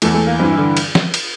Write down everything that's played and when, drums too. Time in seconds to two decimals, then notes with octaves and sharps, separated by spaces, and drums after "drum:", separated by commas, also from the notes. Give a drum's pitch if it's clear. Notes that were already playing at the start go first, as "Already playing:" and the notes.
0.02 E2 E3 A3 A4, drum: cymbal
0.14 A3 A4
0.27 A#3
0.39 G2 E3 C4
0.52 E4
0.58 D3
0.77 drum: cymbal
0.95 drum: snare F3
1.14 drum: cymbal